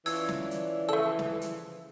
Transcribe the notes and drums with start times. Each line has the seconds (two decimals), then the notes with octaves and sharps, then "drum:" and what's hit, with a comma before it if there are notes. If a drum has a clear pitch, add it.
0.06 E3 C#4 D4 F4 E6 G#6, drum: open hi-hat
0.29 drum: snare
0.51 drum: hi-hat
0.89 C#3 F3 A3 A4 E6
1.19 drum: snare
1.41 drum: hi-hat